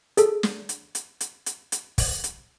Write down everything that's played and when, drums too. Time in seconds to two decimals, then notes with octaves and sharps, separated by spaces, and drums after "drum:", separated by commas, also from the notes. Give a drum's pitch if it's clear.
0.17 G#4 A4, drum: hi-hat
0.43 drum: snare
0.69 drum: hi-hat
0.95 drum: hi-hat
1.21 drum: hi-hat
1.46 drum: hi-hat
1.72 drum: hi-hat
1.98 drum: kick, open hi-hat
2.24 drum: hi-hat